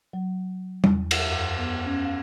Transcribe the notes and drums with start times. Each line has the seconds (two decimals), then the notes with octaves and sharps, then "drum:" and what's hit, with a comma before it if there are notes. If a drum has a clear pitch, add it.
0.13 F#3
0.84 E2, drum: tom
1.11 drum: cymbal
1.27 F#2
1.58 B3
1.86 C#4
2.04 F5